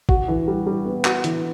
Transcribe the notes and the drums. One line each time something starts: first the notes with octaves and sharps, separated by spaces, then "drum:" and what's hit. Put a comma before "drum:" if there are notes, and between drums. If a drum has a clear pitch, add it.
F#4, drum: kick
E3
G3
G3
B3
F#4, drum: clap
E3, drum: hi-hat